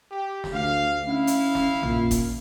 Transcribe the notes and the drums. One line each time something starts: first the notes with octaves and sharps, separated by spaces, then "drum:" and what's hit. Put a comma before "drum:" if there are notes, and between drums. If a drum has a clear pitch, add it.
G4
drum: snare
D2 F5
C#4 E4 F5
drum: hi-hat
drum: snare
A#2, drum: tom A#1
drum: kick F1, hi-hat